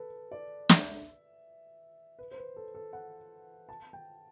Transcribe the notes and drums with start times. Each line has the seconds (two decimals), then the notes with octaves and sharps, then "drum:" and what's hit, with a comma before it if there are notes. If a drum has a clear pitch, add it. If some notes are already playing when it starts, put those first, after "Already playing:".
Already playing: A4 B4
0.32 D5
0.69 E5, drum: snare
2.19 B4
2.31 C5
2.38 B4
2.56 A4
2.75 A4
2.93 F#5
3.69 A5
3.93 G5